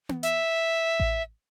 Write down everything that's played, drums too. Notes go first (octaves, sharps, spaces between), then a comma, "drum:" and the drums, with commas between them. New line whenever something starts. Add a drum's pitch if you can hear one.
drum: tom B3
E5, drum: hi-hat
drum: kick A1